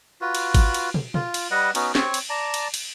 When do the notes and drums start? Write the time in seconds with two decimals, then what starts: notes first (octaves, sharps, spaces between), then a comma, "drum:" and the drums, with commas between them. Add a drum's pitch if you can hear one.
0.21 F4 F#4 B4
0.35 drum: cymbal
0.54 drum: kick G#1, cymbal
0.74 drum: cymbal
0.94 drum: tom
1.14 F4, drum: tom
1.34 drum: cymbal
1.51 G3 B4 D#5 F#5
1.75 B3 C#4 D#4 F#4, drum: cymbal
1.95 C4 C#5 C#6, drum: snare
2.14 drum: cymbal
2.29 D5 A5 A#5
2.54 drum: cymbal
2.74 drum: cymbal